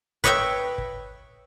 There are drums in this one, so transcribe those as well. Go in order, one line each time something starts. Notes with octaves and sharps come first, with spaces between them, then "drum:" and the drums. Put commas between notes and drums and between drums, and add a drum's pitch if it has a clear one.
B4 C#5 D#5 E5 G5, drum: kick
drum: kick